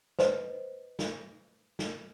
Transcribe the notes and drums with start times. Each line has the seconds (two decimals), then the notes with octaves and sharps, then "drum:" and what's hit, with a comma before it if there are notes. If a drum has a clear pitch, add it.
0.19 B4 C5 D#5, drum: snare
0.99 drum: snare
1.79 drum: snare